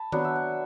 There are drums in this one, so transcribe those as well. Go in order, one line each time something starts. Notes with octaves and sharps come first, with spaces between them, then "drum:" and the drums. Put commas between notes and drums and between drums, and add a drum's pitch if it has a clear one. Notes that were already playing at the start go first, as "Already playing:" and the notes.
Already playing: A5 B5
F#3 B3 D4 F#5, drum: tom D#3
E5
F#5